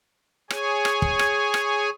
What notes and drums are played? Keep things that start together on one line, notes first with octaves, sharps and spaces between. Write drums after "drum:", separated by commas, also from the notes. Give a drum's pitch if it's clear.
G#4 C#5 G#5, drum: rim click
drum: rim click
drum: kick
drum: rim click
drum: rim click